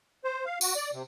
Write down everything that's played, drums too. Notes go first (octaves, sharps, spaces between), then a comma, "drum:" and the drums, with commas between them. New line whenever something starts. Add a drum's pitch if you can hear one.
C5
F5
F#4, drum: tambourine
D5
C3